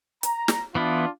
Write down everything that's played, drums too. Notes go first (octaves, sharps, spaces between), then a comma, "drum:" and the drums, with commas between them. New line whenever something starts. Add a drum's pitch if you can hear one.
A#5, drum: hi-hat
drum: snare
E3 B3 D4 E4 F4